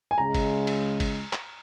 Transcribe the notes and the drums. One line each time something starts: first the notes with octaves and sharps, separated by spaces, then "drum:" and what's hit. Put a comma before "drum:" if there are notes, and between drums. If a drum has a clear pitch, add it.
G#5
C#2 C#3 G#3 A#5
drum: kick G1, cymbal
drum: cymbal
drum: kick G1, cymbal
drum: clap